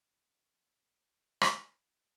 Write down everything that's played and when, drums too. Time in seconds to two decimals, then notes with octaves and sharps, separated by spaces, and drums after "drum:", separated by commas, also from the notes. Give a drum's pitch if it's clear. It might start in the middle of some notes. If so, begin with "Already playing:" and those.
0.10 A#2 D#4
1.41 drum: rim click